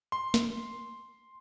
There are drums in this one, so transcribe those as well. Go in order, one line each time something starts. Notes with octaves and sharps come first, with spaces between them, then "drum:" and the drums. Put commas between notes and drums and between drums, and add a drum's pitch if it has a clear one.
C6
drum: snare